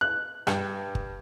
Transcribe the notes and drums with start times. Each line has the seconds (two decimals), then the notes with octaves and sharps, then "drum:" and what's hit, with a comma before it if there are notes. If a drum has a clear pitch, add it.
0.01 F#6
0.47 G2, drum: rim click
0.95 drum: kick G1